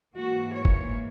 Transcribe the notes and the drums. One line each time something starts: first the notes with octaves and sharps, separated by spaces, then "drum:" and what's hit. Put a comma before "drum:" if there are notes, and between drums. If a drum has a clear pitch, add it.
G#2 E3 A#3 F#4
C#5
drum: kick F#1